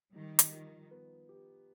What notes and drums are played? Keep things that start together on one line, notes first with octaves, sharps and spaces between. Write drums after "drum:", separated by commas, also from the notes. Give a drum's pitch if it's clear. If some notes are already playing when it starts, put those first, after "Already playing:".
D#3 G3 D#4
drum: hi-hat
F3
B3
G4